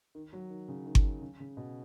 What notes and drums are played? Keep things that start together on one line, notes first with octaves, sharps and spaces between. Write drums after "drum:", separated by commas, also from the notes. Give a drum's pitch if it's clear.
D#3
F#3
D#3
C#3
D#3
drum: kick G1
C#3
C#3
B2